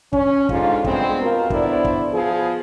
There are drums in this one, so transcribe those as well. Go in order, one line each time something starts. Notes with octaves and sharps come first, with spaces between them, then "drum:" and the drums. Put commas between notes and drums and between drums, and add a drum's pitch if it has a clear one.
C#4, drum: kick
G#2 D3 F4, drum: kick
G2 G#3 B3 C4, drum: kick
B2 F4 A#4
D3 B3 E4 C5 D5, drum: kick
drum: kick
F3 B3 G#4